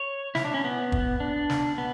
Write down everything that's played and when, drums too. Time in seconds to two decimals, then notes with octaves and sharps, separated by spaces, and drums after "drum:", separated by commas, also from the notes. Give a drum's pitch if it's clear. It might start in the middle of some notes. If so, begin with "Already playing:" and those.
Already playing: C#5
0.35 E4, drum: snare
0.45 D4
0.54 C#4
0.64 B3
0.92 drum: kick
1.20 D4
1.50 drum: snare
1.78 B3